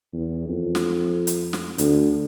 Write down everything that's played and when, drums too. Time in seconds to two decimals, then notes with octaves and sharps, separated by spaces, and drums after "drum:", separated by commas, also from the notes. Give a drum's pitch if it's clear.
0.14 E2
0.49 F2
0.75 drum: snare
1.27 drum: hi-hat
1.53 drum: snare
1.78 D2, drum: hi-hat